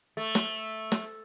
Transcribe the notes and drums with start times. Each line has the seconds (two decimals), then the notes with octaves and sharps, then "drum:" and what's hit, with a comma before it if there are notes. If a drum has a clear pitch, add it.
0.17 A3
0.35 drum: snare
0.92 drum: snare